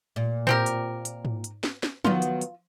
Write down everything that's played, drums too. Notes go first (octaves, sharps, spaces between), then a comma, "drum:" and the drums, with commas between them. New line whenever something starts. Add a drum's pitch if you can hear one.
A#2
C4 G4 A#4, drum: tom A2
drum: hi-hat
drum: hi-hat
drum: tom G#2
drum: hi-hat
drum: snare
drum: snare
D#3 F#3 B3 F4, drum: tom F3
drum: hi-hat
drum: hi-hat